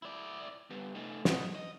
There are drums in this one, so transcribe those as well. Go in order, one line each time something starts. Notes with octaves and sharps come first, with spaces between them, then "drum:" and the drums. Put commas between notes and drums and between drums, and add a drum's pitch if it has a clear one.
E4 D5
G3 B3
A3 D#4
D#5 F#5, drum: snare
D#5